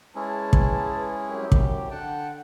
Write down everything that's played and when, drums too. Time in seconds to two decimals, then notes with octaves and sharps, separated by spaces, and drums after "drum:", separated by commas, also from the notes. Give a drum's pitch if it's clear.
0.15 G#3 C#4 E4 G#4 B4 A5
0.53 drum: kick
1.27 C2 F#2 G4
1.52 drum: kick
1.91 D3 F#5 G5 A5